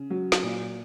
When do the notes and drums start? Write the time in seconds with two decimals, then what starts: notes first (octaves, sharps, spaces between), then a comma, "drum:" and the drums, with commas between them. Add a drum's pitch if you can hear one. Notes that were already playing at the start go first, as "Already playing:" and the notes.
Already playing: C#3
0.10 F#3
0.32 drum: snare
0.43 A#2